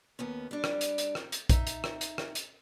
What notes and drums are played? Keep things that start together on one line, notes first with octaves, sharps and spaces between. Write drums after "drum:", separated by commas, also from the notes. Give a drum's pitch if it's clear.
D#2 B3 C#4
G3 D4
drum: rim click
drum: hi-hat
drum: hi-hat
drum: rim click
drum: hi-hat
D#4 E5, drum: kick, hi-hat
drum: hi-hat
drum: rim click
drum: hi-hat
drum: rim click
drum: hi-hat